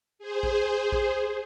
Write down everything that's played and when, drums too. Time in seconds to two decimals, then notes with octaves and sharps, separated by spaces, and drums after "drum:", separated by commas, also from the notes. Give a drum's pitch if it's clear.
0.19 G#4 C5
0.43 drum: kick A1
0.92 drum: kick A1